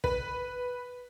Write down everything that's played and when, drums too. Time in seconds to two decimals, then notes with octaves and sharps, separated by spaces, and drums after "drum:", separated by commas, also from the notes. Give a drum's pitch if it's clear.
0.04 B4, drum: kick